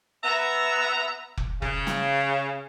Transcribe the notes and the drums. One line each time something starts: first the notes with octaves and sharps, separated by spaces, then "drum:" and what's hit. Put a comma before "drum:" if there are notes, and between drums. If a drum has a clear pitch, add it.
B3 E5 A#5
drum: kick F1
C#3, drum: kick F1
drum: snare